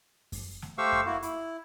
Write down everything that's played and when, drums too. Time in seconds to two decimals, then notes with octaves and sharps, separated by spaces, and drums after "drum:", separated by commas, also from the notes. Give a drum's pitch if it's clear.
0.32 drum: kick F#2, open hi-hat
0.62 drum: snare
0.78 A3 G4 C5 F5 C#6 E6
0.92 drum: kick F#2
1.06 A#3 E4 F#4
1.22 E4, drum: hi-hat